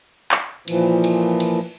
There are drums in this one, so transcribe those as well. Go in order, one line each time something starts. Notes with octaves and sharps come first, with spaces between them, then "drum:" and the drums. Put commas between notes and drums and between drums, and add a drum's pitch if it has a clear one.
drum: clap
A#2 E3 F3, drum: cymbal
drum: cymbal
drum: cymbal